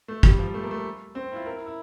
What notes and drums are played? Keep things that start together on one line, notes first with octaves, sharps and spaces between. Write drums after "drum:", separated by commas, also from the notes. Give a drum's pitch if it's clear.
A3
G3, drum: kick
F3
A3
A#3
A3
C4
E4
F4
A#4
E4
E4